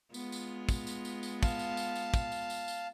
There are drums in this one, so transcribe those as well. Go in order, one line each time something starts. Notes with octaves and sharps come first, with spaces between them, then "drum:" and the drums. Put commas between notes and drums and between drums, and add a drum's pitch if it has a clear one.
G#3 B3 F4, drum: tambourine
drum: tambourine
drum: kick, tambourine
drum: tambourine
drum: tambourine
drum: tambourine
F5 A5, drum: kick, tambourine
drum: tambourine
drum: tambourine
drum: tambourine
drum: kick, tambourine
drum: tambourine
drum: tambourine
drum: tambourine